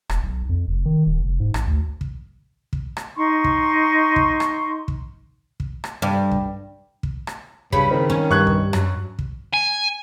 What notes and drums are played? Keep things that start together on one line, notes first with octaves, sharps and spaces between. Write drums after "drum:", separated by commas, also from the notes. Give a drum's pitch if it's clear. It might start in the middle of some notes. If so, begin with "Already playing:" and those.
E1, drum: rim click
B1
F2
F1
D#3
D#1
F1
G#2
A1, drum: rim click
D2
drum: kick
drum: kick
drum: rim click
D#4 C6 C#6
drum: kick
drum: kick
drum: rim click
drum: kick
drum: kick
drum: rim click
G2
drum: kick
drum: kick
drum: rim click
G2 C#3 B5, drum: kick
D#3 C4
C#4
G2 C#6 F#6 G#6
drum: kick
F#2, drum: rim click
drum: kick
G#5